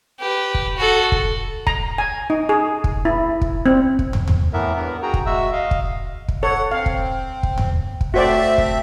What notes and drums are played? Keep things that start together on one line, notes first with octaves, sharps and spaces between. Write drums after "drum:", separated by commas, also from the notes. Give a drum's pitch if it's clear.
G4 B4
drum: kick
F#4 A4
drum: kick
A#5, drum: kick
G#5
D#4
G#4
drum: kick
E4
drum: kick
C4
drum: kick
drum: tom
drum: tom
A2 E3 B3 A#4 E5
G2 B3 A#4
F#4 G#4 G5 A#5
drum: kick
G#3 F#4 E5 E6
D#5 F5
drum: kick
drum: kick
A4 C#5 F#5
C4 F5
drum: kick
drum: kick
drum: tom
drum: kick
A3 C4 F#4 C5 D5 E5
drum: kick